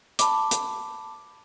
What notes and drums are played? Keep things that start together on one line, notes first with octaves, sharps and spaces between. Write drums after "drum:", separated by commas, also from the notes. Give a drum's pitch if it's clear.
A5 B5 D6, drum: hi-hat
drum: hi-hat